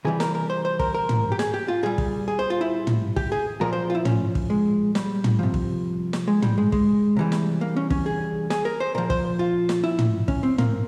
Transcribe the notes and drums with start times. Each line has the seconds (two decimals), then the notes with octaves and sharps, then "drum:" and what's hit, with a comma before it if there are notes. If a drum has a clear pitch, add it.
0.05 C3 E3 G3 G#4
0.20 A#4, drum: snare
0.35 A#4
0.50 C5
0.65 C5
0.80 A#4, drum: kick
0.94 A#4
1.09 drum: tom
1.32 G4
1.39 G#4, drum: snare
1.54 G4
1.68 F4
1.83 A#2 G3 G#4
1.98 drum: kick
2.28 G#4
2.39 C5
2.50 F4
2.61 E4
2.87 drum: tom
3.16 G4, drum: kick
3.32 G#4
3.61 A#2 F3 A#4
3.73 C5
3.90 F4
3.95 E4
4.05 C#4, drum: tom
4.35 drum: kick
4.50 G#3
4.95 G3, drum: snare
5.24 drum: tom
5.39 C3 F3
5.54 drum: kick
6.13 drum: snare
6.28 G#3
6.42 G3, drum: tom
6.58 G#3
6.72 G#3, drum: kick
7.17 C3 E3 G3
7.32 drum: snare
7.61 A#3
7.76 C#4
7.90 C#4, drum: kick
8.06 G#4
8.50 G#4, drum: snare
8.65 A#4
8.80 C5
8.95 A#2 F3 A#4
9.10 C5, drum: kick
9.39 F4
9.69 drum: snare
9.84 E4
9.99 drum: tom
10.28 C#4, drum: kick
10.43 C4
10.58 A#3, drum: tom